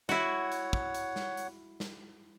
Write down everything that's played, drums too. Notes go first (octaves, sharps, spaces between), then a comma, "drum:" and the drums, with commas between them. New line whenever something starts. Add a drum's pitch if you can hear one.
E4 F#4 C#5 F#5, drum: snare
drum: hi-hat
drum: kick
drum: hi-hat
drum: snare
drum: hi-hat
drum: snare